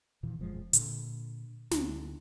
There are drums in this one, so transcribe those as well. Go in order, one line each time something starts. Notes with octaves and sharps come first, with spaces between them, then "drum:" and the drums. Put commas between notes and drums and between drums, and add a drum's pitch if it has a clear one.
E2 A#2 D#3 E3
E1 F#2 F3 G#3
A#2 D3, drum: hi-hat
D2, drum: snare